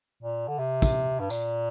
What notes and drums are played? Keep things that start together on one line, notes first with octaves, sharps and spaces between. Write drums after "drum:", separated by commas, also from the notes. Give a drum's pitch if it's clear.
A#2
D3
C3
drum: kick, tambourine
G2
A#2, drum: tambourine